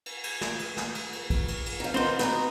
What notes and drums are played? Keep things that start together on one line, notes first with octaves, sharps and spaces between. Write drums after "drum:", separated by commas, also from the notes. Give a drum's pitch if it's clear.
drum: cymbal
drum: cymbal
drum: snare
drum: cymbal
drum: snare
drum: cymbal
drum: cymbal
drum: kick, cymbal
drum: cymbal
drum: cymbal
D#3 F3
D#3 B3 C4 C5
B3 D#4 F#4, drum: snare